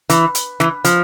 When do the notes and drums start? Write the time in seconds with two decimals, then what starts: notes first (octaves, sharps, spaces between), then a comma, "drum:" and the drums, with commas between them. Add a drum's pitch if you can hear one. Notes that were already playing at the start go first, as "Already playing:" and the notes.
0.10 E3, drum: hi-hat
0.35 drum: hi-hat
0.60 E3, drum: snare
0.84 F3, drum: hi-hat